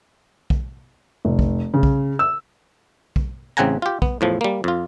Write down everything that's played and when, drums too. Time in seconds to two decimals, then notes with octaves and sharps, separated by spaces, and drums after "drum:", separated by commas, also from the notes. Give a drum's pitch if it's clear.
0.50 drum: kick
1.25 F1
1.39 drum: kick
1.74 C#3
1.83 drum: kick
2.19 E6
3.16 drum: kick
3.57 A1 C#3 C4 F#5 G#5 A#5
3.82 F4 G4
4.02 B3, drum: kick
4.21 E2 A2 F3
4.41 G3 A#3
4.64 F2 F4